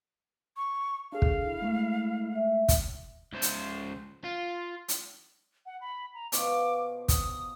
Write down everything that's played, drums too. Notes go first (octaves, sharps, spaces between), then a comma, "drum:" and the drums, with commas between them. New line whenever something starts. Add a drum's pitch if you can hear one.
C#6
D4 G#4 A4 F5
drum: kick
E4
G#3 A3
E5
drum: kick, hi-hat
C#2 C5
drum: hi-hat
F4
drum: hi-hat
F#5
B5
A#5
B2 F3 C#6 D6, drum: hi-hat
D#6, drum: kick, hi-hat